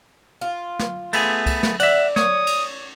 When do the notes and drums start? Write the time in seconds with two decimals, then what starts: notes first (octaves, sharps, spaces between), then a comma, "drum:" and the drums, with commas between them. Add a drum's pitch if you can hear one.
0.41 F4
0.79 drum: snare
1.13 A3 B3 G#4, drum: cymbal
1.46 drum: kick C2, cymbal
1.63 drum: snare
1.80 D5 E5 F#5, drum: cymbal
2.16 C#5 D#6, drum: snare
2.47 drum: cymbal